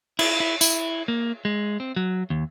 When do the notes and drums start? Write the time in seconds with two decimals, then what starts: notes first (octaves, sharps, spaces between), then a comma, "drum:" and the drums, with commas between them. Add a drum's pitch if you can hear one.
0.19 E4, drum: cymbal
0.40 E4
0.61 E4, drum: tambourine
1.08 A#3
1.45 G#3
1.80 C4
1.96 F#3
2.30 D#2